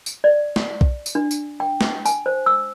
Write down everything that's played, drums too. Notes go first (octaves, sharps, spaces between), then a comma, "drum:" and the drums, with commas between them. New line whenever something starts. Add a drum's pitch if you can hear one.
drum: tambourine
D5
drum: snare
drum: kick
drum: tambourine
D4
drum: tambourine
G5
drum: snare
G#5, drum: tambourine
C5
E6